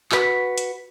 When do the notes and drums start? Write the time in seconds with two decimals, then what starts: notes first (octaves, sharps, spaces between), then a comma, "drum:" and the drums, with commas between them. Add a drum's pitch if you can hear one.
0.12 F#4 B4, drum: clap
0.58 drum: hi-hat